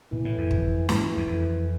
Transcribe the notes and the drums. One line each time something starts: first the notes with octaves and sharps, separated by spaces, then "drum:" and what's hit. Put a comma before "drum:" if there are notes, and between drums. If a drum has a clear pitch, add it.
B2 E3
A2
F2
drum: kick
G#2 E3, drum: snare
E2
F2